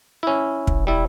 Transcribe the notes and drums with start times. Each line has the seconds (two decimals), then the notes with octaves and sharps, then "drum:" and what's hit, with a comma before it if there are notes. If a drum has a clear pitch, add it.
0.23 C#4 E4
0.67 E1, drum: kick
0.87 G3 E4